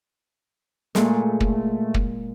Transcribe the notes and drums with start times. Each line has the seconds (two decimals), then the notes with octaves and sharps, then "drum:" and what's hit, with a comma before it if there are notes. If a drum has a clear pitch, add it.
0.95 A#2 G#3 A3, drum: snare
1.40 drum: kick
1.94 drum: kick